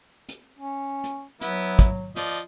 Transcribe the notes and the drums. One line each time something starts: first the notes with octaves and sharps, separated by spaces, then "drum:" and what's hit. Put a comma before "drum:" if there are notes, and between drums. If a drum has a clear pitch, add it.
drum: hi-hat
C#4
drum: hi-hat
F#3 B3 E4, drum: hi-hat
drum: kick, hi-hat
F3 D5 D#5, drum: hi-hat